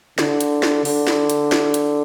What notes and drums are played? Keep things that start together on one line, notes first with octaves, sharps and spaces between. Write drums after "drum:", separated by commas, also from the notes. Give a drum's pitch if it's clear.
D3, drum: snare
drum: hi-hat
drum: snare
D3, drum: open hi-hat
drum: snare
drum: hi-hat
drum: snare
drum: hi-hat